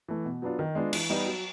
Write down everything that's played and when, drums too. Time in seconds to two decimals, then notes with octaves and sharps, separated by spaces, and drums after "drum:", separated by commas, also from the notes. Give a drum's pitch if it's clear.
0.08 E3 A3
0.25 B2
0.42 F#3 B3 D4 F4
0.59 D#3
0.75 G#3 B3 D4 F4
0.93 E3, drum: cymbal
1.10 G3 B3 D#4
1.26 F#3